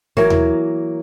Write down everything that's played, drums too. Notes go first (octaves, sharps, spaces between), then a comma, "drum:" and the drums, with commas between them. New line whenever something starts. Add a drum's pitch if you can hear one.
E3 F#3 A#3, drum: snare
drum: tom D#2